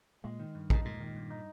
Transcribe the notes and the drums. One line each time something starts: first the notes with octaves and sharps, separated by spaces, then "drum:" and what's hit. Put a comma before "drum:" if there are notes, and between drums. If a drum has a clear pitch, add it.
A#2 G#3
D#3
G2
G#2 D#4, drum: kick
A#2 G#3
D#3
G2
D#4